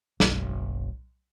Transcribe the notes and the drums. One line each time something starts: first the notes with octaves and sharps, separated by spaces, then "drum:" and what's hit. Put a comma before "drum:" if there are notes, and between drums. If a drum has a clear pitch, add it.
F#1 B1, drum: snare